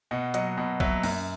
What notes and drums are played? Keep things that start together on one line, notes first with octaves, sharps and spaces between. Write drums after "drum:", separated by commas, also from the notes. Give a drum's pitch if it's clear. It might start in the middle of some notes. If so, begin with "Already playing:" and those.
B2 D#5 F#5
F#3 D#5 F#5, drum: hi-hat
B2 D#5
F#3 E5, drum: kick A#1
F#2, drum: cymbal